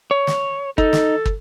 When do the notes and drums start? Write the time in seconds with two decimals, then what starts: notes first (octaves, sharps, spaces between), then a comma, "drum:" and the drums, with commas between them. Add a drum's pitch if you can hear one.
0.11 C#5
0.27 drum: snare
0.78 D#4 A4, drum: kick
0.93 drum: snare
1.26 drum: kick